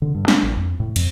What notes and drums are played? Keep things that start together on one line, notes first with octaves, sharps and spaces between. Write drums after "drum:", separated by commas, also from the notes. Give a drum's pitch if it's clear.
D3
G2
D4, drum: snare
A1
F2
A2
F2, drum: cymbal